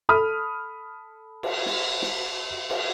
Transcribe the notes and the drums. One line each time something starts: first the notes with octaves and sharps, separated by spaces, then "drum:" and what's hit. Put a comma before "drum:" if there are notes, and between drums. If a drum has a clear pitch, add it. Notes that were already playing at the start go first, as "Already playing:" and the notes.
A4 B5 D#6 F6
drum: cymbal
drum: snare
drum: snare
drum: cymbal